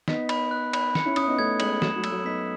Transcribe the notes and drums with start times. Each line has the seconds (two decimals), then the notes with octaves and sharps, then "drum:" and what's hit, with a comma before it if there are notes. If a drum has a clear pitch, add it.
0.08 B3 D#4 B6, drum: snare
0.29 B5, drum: cymbal
0.51 F#6
0.73 B5, drum: cymbal
0.95 C#7, drum: snare
1.05 C#4 E4
1.16 C#4 E4 D#6, drum: cymbal
1.28 B3 D#4
1.38 A3 C#4 G#6
1.60 G#3 F#7, drum: cymbal
1.82 F#3 A3 E7, drum: snare
1.96 F#3 A3
2.04 E6, drum: cymbal
2.10 F#3 A3
2.25 B3 D#4 B6